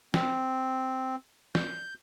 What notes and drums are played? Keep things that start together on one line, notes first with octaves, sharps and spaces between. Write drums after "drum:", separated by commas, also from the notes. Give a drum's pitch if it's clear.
C4, drum: snare
G6, drum: snare